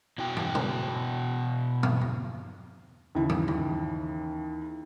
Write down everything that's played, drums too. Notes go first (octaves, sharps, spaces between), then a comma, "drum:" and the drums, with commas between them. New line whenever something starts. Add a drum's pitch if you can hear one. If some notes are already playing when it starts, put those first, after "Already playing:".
B2 E4 F#4 G5
drum: tom
drum: tom
drum: tom
drum: tom E2
D#2 C#3 E3 E4
drum: tom
drum: tom E2